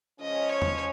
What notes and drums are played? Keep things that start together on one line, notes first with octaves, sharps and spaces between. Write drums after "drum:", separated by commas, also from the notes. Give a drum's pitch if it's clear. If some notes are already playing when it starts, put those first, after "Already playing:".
C#3 F3 G#3 C#4 D#5
C#5
drum: tom E2